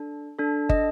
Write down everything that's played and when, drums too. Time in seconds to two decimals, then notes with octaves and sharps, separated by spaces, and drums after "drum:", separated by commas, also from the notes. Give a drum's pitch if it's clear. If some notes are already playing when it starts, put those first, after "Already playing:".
Already playing: D4 A4
0.39 D4 A4
0.69 D#5, drum: kick